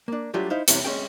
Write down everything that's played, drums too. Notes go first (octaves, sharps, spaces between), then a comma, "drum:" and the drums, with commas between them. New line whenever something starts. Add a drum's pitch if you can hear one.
A#3 D4
F#3 G3 A3 D4 F4 G4
D#4 E4 C5 F5
E2 C3 G3 C#4 E4, drum: hi-hat
G#3 C#4 G#4 G5